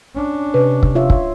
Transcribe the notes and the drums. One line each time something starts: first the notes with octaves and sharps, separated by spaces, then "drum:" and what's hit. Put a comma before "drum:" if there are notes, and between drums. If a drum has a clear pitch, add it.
C#4 D4
C3 B4
drum: kick
F4 C#5 E5
drum: kick